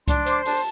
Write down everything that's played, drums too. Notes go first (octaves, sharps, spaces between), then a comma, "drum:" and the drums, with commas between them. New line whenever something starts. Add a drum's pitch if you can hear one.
D4 C6, drum: kick C2, hi-hat
C5 D6, drum: hi-hat
C6
D4 A5, drum: open hi-hat